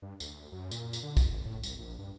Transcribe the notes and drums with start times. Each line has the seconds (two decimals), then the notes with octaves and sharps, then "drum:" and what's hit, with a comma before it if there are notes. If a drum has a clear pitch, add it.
0.02 G2
0.20 D2, drum: tambourine
0.35 D2
0.52 F#2
0.71 A#2, drum: tambourine
0.93 drum: tambourine
1.03 D3
1.17 F2, drum: kick, tambourine
1.29 G#1
1.45 A2
1.63 C2, drum: tambourine
1.78 A#1
1.99 G2